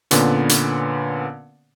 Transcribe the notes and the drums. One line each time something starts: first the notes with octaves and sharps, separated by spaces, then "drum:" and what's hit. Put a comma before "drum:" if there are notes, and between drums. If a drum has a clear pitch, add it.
A#2 D3 B3 C#4, drum: hi-hat
drum: hi-hat